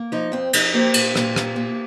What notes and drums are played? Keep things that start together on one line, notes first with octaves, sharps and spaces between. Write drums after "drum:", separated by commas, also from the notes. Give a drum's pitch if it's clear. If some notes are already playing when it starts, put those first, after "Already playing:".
Already playing: A#3
F3 D#4
F2 C4
F2 D#4, drum: cymbal
A#3 G4 C5
A#2, drum: cymbal
A#2, drum: rim click
A#3, drum: rim click
A#3